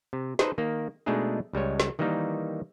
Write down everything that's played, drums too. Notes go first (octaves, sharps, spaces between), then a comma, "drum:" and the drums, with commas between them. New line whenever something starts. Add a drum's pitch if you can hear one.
C3
D#4 A4 B4 C5 D#5, drum: snare
D#3 A#3
B2 G#3 A3 D4 D#4 G#4
C#2 G3 G#3 C#5
drum: snare
D#3 E3 G3 A#3 D#4